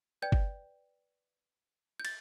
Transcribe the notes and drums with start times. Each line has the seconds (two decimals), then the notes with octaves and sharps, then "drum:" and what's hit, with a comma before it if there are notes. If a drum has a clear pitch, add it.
0.22 B4 D5 G5 G6
0.32 drum: kick G1
2.00 G6
2.05 A6, drum: cymbal